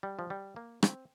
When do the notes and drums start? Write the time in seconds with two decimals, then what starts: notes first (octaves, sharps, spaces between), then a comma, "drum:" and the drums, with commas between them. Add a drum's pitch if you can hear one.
0.03 G3
0.19 F3
0.30 G3
0.56 A#3
0.83 C4, drum: rim click